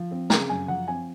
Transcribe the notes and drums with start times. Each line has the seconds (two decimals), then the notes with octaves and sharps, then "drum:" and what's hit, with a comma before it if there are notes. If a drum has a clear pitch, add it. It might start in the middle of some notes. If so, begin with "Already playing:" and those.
Already playing: F3
0.11 C4
0.30 C#3 A#5, drum: snare
0.49 F#2 G#5
0.68 F3 F#5
0.88 C4 G#5